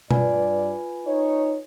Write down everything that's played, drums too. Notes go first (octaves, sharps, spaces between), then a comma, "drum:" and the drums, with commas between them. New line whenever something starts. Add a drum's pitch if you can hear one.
G2 F4 B4 D5 G#5, drum: tom B2
D#4 C#5